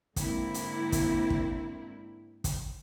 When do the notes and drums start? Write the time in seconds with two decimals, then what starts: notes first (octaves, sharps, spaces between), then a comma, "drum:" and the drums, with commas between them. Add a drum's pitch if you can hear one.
0.16 G#2 D3 A#3 C4 E4, drum: kick, hi-hat
0.54 drum: hi-hat
0.92 drum: kick, hi-hat
1.30 drum: kick
2.44 drum: kick, hi-hat